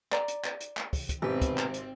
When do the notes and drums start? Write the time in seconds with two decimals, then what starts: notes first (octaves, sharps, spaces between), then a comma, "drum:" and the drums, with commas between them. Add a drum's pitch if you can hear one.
0.12 D5 A#5, drum: clap
0.28 drum: hi-hat
0.44 drum: clap
0.61 drum: hi-hat
0.77 drum: clap
0.93 drum: kick, open hi-hat
1.09 drum: kick, hi-hat
1.22 G#1 B2 C4 G4 B4
1.41 drum: kick, hi-hat
1.58 drum: clap
1.74 drum: hi-hat